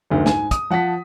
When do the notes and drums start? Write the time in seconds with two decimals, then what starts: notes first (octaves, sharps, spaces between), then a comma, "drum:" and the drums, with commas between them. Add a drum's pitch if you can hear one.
0.10 F#1 D2 D#3
0.26 G#2 G#5, drum: snare
0.51 D#6, drum: kick, hi-hat
0.70 F3 F#5 A5 B6